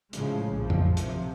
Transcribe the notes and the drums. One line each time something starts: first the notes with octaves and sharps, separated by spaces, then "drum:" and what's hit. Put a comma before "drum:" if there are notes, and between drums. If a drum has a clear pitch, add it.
A2 C#3 F3 G#3, drum: hi-hat
A#1 F#2 A2 F3
drum: tom F2
C3 F3, drum: hi-hat